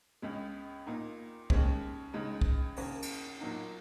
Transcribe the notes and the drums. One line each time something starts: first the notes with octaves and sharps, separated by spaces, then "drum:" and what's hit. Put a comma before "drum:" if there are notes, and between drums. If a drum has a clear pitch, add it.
C#2 C#3 G#3
A#2 A#3 D#4
D#2 C#3 G#3 C#4, drum: kick
C#2 C#3 G#3 D#4
drum: kick
D#2 C#3 A#3 C#4, drum: open hi-hat
drum: cymbal
A#2 F#3 A#3 D#4